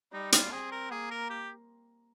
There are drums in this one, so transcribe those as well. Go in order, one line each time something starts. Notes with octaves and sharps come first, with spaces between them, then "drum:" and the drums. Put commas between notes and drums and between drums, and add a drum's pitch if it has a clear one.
G3 D#4
F4, drum: hi-hat
C4 G#4
A#4
A#3 G#4
A#4
G4